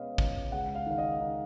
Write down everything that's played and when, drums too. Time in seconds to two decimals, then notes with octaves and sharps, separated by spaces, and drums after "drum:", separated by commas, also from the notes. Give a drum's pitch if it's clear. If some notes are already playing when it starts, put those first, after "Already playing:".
Already playing: B2 G#3 C#4 B4 C#5 D#5 F5
0.18 C#2, drum: kick
0.52 G#3 F#5
0.75 F5
0.87 D#3 F5
0.98 D#5
1.20 D#4